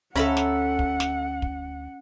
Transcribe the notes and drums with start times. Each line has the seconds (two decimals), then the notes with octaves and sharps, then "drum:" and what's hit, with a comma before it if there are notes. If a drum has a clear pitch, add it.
0.16 D2 C#4 A4 E5 F#5 A#5 B5
0.37 drum: snare
0.79 drum: kick
1.00 drum: snare
1.42 drum: kick